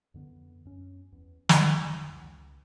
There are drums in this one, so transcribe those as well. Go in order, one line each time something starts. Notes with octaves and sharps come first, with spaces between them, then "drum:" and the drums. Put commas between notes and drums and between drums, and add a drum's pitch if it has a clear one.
F2 D3 B3
F#2 C#4
E2
G#1 F2 E3, drum: snare
C#2